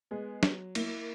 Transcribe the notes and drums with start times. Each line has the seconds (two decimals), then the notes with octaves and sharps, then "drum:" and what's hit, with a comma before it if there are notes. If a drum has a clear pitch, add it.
0.11 G#3 B3
0.43 F#3, drum: snare
0.75 A#3 E4, drum: cymbal